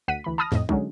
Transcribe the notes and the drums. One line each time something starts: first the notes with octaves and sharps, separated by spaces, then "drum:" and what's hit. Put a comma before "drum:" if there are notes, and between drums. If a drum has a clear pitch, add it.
D2 F#5 B6 D#7
D2 E3 B5
A5 B5 D#6 F6 A#6
F2 A2 D#5, drum: snare
D3 F#3 G#3 C#4 D#4, drum: kick